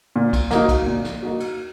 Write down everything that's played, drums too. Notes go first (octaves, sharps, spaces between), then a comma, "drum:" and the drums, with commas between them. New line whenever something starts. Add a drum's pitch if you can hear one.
A#2
drum: kick, cymbal
A#3 D#4 F#4, drum: snare
drum: kick, cymbal
A#2
drum: snare
A#3 D#4 F#4
drum: cymbal